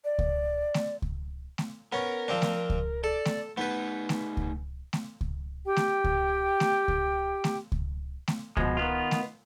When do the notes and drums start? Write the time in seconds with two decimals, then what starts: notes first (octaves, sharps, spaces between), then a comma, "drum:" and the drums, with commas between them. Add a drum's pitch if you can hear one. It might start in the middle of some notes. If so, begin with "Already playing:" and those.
0.05 D5
0.19 drum: kick C#2
0.74 drum: snare A3
1.02 drum: kick C#2
1.58 drum: snare A3
1.92 B3 C#4 A#4
2.28 F3 C4 D4
2.42 drum: snare A3
2.70 drum: kick C#2
3.04 A4 D5
3.25 drum: snare A3
3.57 A3 B3 D#4 B4
4.09 drum: snare A3
4.37 drum: kick C#2
4.93 drum: snare A3
5.21 drum: kick C#2
5.65 G4 G5
5.76 drum: snare A3
6.04 drum: kick C#2
6.60 drum: snare A3
6.88 drum: kick C#2
7.44 drum: snare A3
7.72 drum: kick C#2
8.28 drum: snare A3
8.57 B2 F3 G#3, drum: kick C#2
8.77 D#3 B3 F4
9.11 drum: snare A3